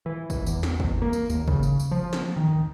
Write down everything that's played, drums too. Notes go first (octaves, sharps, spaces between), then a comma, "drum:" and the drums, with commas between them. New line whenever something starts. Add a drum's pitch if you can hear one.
E3
drum: kick, tambourine
E2, drum: tambourine
drum: snare
drum: kick
A#3
drum: tambourine
D#2, drum: tambourine
C#3, drum: kick
drum: tambourine
drum: tambourine
F3
drum: snare
D#3
drum: tom